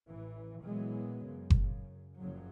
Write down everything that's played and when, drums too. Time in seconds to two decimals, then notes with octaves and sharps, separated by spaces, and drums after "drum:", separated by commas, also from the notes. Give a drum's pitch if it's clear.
0.10 A1 E3
0.63 A#2 E3 F#3 G#3 B3
1.26 F#2 C#3
1.50 drum: kick F#1
2.19 F#1 F#2 C#3 F3 F#3